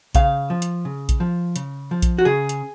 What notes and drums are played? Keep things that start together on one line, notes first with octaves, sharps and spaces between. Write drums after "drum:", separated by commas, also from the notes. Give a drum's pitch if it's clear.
C#3 F5, drum: kick A#1, hi-hat
F3
drum: hi-hat
C#3
drum: kick A#1, hi-hat
F3
C#3, drum: hi-hat
F3
drum: kick A#1, hi-hat
F#4
C#3 G#4
drum: hi-hat